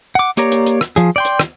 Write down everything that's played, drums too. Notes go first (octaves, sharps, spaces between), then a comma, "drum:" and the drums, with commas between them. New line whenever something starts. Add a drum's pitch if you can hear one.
F#5 D6
A#3 G4 C#5 D5 A#5, drum: hi-hat
drum: hi-hat
drum: hi-hat
drum: rim click
F3 G#4, drum: hi-hat
D5 G5 C6
drum: hi-hat
drum: rim click